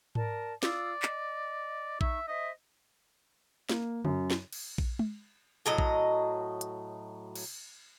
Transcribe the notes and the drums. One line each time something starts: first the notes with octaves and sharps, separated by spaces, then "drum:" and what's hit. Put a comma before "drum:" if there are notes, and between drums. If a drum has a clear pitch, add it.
A#4 D5 A5, drum: tom G#2
F4 D5 D#6 E6, drum: snare
D#5, drum: clap
D#4 E5 C#6, drum: kick A#1
C5 D#5 E5
A#3, drum: snare
F#2, drum: tom C#3
drum: snare
drum: cymbal
drum: kick A#1
drum: tom G#3
A2 F#3 D#5
drum: kick A#1
drum: hi-hat
drum: cymbal